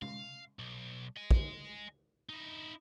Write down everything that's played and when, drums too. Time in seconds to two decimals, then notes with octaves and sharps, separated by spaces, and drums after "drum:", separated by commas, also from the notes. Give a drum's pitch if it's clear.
0.02 F5, drum: tom C3
0.59 B1
1.17 D#5 G#5
1.31 drum: kick
2.29 D#4 E4